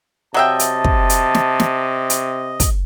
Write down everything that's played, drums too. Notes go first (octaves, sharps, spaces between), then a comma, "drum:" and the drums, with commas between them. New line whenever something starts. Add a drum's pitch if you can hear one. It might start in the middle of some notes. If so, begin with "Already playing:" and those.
C3 F#3 D#5 E5 G5 A5
drum: hi-hat
drum: kick
drum: hi-hat
drum: snare
drum: snare
drum: hi-hat
drum: kick, hi-hat